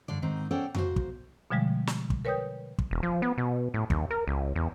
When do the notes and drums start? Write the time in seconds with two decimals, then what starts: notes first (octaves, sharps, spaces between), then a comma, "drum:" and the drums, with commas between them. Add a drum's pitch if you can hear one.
0.08 G2 D3 D5
0.22 G#2 D#3 C4 D#4
0.51 C#4 A4 C5 D5 F#5 G5
0.75 A#3 F#4 C5, drum: tom F2
0.96 drum: kick
1.50 B2 D3 F3 G3 G#3
1.87 drum: snare
2.10 drum: kick
2.25 A#4 B4 C#5 G5 D#6 G6
2.78 drum: kick
2.91 E1
3.03 F3
3.22 B3
3.38 B2
3.74 A2
3.90 D#2, drum: kick
4.11 A#4
4.28 C#2
4.56 E2